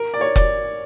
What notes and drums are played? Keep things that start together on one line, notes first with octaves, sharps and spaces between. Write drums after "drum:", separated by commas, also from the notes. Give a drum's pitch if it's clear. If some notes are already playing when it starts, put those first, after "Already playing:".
Already playing: A#4
D5
C#5
D5, drum: kick F1